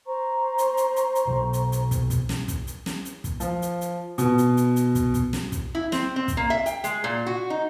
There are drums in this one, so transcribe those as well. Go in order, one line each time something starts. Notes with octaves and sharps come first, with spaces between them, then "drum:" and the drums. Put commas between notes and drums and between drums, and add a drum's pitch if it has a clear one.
C5 A#5 C#6
drum: hi-hat
drum: hi-hat
drum: hi-hat
drum: hi-hat
B2 F#3
drum: hi-hat
drum: hi-hat
drum: kick, hi-hat
drum: kick, hi-hat
drum: snare
drum: kick, hi-hat
drum: hi-hat
drum: snare
drum: hi-hat
drum: kick, hi-hat
F3, drum: hi-hat
drum: hi-hat
drum: hi-hat
B2, drum: hi-hat
drum: hi-hat
drum: hi-hat
drum: hi-hat
drum: kick, hi-hat
drum: kick, hi-hat
drum: snare
drum: kick, hi-hat
E4
C4, drum: snare
C4
drum: kick, hi-hat
A#3
E5
G5, drum: hi-hat
G#3, drum: hi-hat
A#2
F#4
D#4